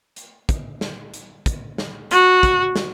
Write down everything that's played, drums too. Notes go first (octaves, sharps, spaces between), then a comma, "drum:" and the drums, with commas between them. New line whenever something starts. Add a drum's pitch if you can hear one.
drum: hi-hat
drum: kick, hi-hat
drum: snare
drum: hi-hat
drum: kick, hi-hat
drum: snare
F#4, drum: hi-hat
drum: kick, hi-hat
drum: snare